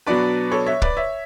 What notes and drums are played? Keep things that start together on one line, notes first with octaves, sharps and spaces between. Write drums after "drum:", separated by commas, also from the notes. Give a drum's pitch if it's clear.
B2 F#3 B3 D4 B4 D5
A4 C#5
C#5 E5
B4 D5, drum: kick
C#5 E5